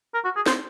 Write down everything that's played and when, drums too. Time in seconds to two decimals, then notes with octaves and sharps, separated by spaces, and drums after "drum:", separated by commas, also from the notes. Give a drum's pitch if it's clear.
0.14 A#4
0.24 F#4
0.36 G#4
0.46 C5, drum: snare